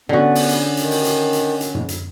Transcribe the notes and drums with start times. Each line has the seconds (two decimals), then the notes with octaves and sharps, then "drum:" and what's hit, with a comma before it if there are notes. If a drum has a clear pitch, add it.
0.09 D3 F#3 B3 C#4 D4 F#4
0.35 drum: open hi-hat
0.49 drum: hi-hat
0.77 D#3, drum: hi-hat
0.91 drum: open hi-hat
1.05 drum: hi-hat
1.33 drum: hi-hat
1.61 drum: hi-hat
1.75 drum: tom
1.89 drum: hi-hat